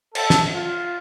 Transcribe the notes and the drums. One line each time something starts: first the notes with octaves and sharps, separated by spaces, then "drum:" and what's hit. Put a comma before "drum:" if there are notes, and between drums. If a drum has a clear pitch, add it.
A4, drum: cymbal
drum: snare
F4